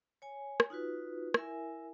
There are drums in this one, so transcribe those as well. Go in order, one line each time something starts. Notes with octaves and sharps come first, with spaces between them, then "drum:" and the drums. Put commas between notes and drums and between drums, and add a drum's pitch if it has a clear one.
C#5 G#5
drum: rim click
D#4 F4 F#4 B4
E4 A#4 E5 G#5, drum: rim click